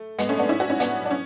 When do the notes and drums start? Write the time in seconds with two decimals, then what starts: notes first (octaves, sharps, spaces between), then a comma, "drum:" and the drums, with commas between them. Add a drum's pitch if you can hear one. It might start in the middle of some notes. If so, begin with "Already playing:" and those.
Already playing: A3
0.18 G#3 B3, drum: hi-hat
0.29 A3 C#4
0.39 B3 D4
0.49 C#4 E4
0.60 D4 F#4
0.70 C#4 E4
0.80 B3 D4, drum: hi-hat
1.05 D4
1.11 C#4